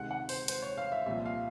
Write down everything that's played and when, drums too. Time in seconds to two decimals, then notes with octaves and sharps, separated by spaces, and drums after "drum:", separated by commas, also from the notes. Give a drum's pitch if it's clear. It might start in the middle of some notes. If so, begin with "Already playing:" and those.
Already playing: C#2 C3 D#3 F#5
0.11 F#5
0.29 C5, drum: open hi-hat
0.48 C5, drum: hi-hat
0.62 C#5
0.78 F5
0.92 E5
1.06 C2 A#2 F3 E5
1.26 F5